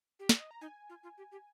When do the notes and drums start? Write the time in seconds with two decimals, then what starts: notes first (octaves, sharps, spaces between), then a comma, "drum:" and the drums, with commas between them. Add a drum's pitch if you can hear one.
0.19 G4
0.29 D5, drum: snare
0.40 D#5
0.51 A#5
0.61 D#4 G#5
0.89 F4
1.03 F4
1.18 G4
1.32 G4